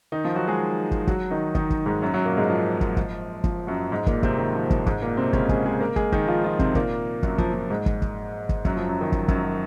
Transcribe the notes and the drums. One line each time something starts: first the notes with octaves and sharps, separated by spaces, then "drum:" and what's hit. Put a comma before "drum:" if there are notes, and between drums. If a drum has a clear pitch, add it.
D#3 D#4
F3 F4
F#3 F#4
G#3 G#4
drum: kick
F#3 F#4, drum: kick
D#3 D#4
D#3 D#4, drum: kick
drum: kick
G#2 G#3
F#2 F#3
F#2 F#3
A#2 A#3
G#2 G#3
F3
drum: kick
drum: kick
F3, drum: kick
F#2 F#3
G#2 G#3
A#2 A#3, drum: kick
C3 C4, drum: kick
D#3
F3
F3, drum: kick
G#2 G#3, drum: kick
A#2 A#3
C3 C4
C#3 C#4, drum: kick
G#3 G#4, drum: kick
G#3 G#4
A#3 A#4
G#3 G#4, drum: kick
D#3 D#4, drum: kick
F3 F4
F3 F4
C3 C4, drum: kick
A#2 A#3, drum: kick
F#2 F#3, drum: kick
F3, drum: kick
F3
G#2 G#3
drum: kick
drum: kick
drum: kick
F#2 F#3, drum: kick
F3
F#2 F#3
D#3
drum: kick
F#2 F#3, drum: kick
F#3